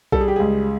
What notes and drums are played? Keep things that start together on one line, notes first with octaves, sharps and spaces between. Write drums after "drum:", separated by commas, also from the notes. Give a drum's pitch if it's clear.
G3 A4, drum: kick B1
G#4
G4
C#2 G#4